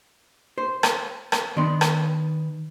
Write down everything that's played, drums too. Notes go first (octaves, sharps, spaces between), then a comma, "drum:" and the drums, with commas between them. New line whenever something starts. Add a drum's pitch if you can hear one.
C5
drum: rim click
drum: rim click
D#3 B3 D4 D5 C6
drum: rim click